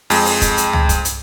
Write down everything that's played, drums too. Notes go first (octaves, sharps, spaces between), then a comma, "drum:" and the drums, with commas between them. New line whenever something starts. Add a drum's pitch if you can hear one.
F2 G#3, drum: open hi-hat
drum: open hi-hat
drum: kick, hi-hat
drum: hi-hat
drum: tom
drum: kick, hi-hat
drum: hi-hat